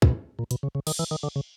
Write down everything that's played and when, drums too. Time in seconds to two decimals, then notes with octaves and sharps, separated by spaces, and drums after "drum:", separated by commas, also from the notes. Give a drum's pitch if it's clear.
0.02 B2, drum: kick
0.39 A#2
0.51 B2, drum: hi-hat
0.63 C#3
0.75 C#3
0.87 D#3, drum: cymbal
0.99 E3
1.11 D#3
1.23 D3
1.36 C#3